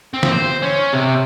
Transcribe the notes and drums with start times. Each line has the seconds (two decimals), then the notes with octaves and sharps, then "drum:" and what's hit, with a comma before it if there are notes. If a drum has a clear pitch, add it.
0.14 C4
0.23 drum: snare
0.32 C5
0.63 C#4
0.94 C3